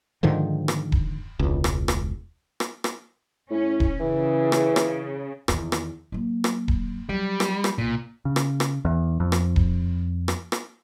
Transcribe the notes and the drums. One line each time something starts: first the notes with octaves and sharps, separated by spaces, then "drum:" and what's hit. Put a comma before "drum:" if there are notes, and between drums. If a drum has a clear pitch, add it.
G#2 D3 D#3 F3
drum: rim click
drum: kick D#1
E1 C#2
drum: rim click
drum: rim click
drum: rim click
drum: rim click
A2 C#4
drum: kick D#1
C#3 E3
drum: rim click
drum: rim click
E2 D#3, drum: rim click
drum: rim click
F#3 A#3
drum: rim click
drum: kick D#1
F#3 G3
drum: rim click
drum: rim click
B1 A#2
C#3
drum: rim click
drum: rim click
E2
F2
drum: rim click
drum: kick D#1
drum: rim click
drum: rim click